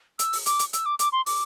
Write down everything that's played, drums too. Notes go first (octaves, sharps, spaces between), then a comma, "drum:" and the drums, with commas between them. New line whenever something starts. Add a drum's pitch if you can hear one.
E6, drum: hi-hat
drum: open hi-hat
D6, drum: hi-hat
drum: hi-hat
E6, drum: hi-hat
D6
D6, drum: hi-hat
C6
D6, drum: open hi-hat